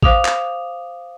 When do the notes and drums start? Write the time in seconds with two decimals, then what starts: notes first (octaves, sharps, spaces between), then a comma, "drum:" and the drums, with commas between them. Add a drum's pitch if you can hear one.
0.03 C5 F5 D6 D#6 F7, drum: kick A1
0.25 drum: clap